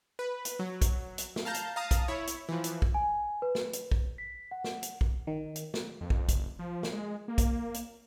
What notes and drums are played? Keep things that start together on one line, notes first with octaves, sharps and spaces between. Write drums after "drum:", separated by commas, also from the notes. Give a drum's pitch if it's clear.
B4
drum: hi-hat
F#3
drum: kick, hi-hat
drum: hi-hat
drum: snare
F5 A5 A#5 G6
drum: hi-hat
F5 A5 A#5 D#6
drum: kick, hi-hat
E4 C#5
drum: hi-hat
E3 F3
drum: hi-hat
drum: kick
G#5
B4
drum: snare
drum: hi-hat
drum: kick
B6
F#5
drum: snare
drum: hi-hat
drum: kick
D#3
drum: hi-hat
drum: snare
F2
drum: kick
F#1, drum: kick, hi-hat
F3
drum: snare
G#3
A#3
drum: kick, hi-hat
drum: hi-hat